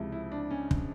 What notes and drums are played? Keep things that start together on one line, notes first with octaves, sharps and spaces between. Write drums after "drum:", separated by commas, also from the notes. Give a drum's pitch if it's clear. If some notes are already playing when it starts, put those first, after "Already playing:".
Already playing: C#2 C3 F3 E4
E4
D4
C#4
drum: kick